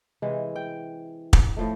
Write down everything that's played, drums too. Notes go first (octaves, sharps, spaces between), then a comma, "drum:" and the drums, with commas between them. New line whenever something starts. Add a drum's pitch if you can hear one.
C3 E3 G#3
G5
drum: kick
A2 F3 A3